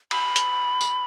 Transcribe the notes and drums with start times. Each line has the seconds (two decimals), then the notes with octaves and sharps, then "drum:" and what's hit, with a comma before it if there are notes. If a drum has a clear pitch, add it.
0.11 B5, drum: cymbal
0.36 drum: hi-hat
0.81 drum: tambourine